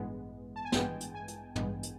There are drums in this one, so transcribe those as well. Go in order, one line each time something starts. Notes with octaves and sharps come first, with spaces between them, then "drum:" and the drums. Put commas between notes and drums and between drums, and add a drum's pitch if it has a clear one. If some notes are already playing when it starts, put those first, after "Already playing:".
Already playing: A1 G2 E3 G#3 B3
A5
G#5
A1 G2 E3 G#3 B3 G5, drum: snare
drum: hi-hat
G#5
drum: hi-hat
A1 G2 E3 G#3 B3, drum: tom
drum: hi-hat